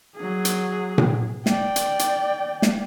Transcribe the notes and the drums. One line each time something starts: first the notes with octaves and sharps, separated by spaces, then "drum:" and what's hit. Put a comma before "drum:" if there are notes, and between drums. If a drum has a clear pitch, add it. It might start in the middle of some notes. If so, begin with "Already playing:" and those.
F#3 G#4
drum: hi-hat
drum: tom A#2
D5 G5, drum: snare
drum: hi-hat
drum: hi-hat
drum: snare